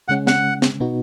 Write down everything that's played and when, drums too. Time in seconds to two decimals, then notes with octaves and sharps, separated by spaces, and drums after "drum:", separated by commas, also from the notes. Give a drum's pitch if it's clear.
0.08 C#3 G#3 C#4 F#5
0.27 F#5, drum: snare
0.62 drum: snare
0.80 B2 B3 D#4 F#4